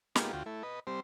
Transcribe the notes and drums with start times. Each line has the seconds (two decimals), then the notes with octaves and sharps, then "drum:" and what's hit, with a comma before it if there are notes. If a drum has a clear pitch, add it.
0.16 G#3 A#3 B3 D#4 F4 G4, drum: snare
0.33 D2 F4 F#4 G5
0.46 A3 E4
0.63 B4 D#5
0.87 G3 C4 C5